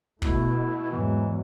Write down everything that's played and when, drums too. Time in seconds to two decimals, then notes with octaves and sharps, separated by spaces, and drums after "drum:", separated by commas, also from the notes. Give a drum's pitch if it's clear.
0.22 B2 A3 E4, drum: kick
0.91 E2 G#2 E3 F#3